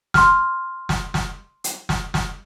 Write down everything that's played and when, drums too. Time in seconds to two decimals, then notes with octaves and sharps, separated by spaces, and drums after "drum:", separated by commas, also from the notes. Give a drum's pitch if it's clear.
0.14 C6 F6, drum: snare
0.89 drum: snare
1.14 drum: snare
1.64 drum: hi-hat
1.89 drum: snare
2.14 drum: snare